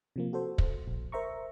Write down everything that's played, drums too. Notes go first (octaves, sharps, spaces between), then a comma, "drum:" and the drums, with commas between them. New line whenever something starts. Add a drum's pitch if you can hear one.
C3 F3 A#3
F#4 A4 C5
drum: kick
A#1
A#4 C5 E5 A#5 C#6